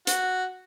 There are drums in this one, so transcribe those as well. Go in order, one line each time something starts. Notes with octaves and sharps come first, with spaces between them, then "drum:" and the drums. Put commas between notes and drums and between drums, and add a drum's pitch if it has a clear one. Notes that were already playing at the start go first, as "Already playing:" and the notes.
F#4, drum: hi-hat